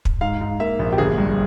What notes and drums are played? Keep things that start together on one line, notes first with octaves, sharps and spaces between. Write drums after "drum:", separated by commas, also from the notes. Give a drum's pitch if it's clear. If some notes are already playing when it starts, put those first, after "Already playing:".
drum: kick
G#2 F5
G#2
A#3 E5
A#1
G4
G1 G#4
G2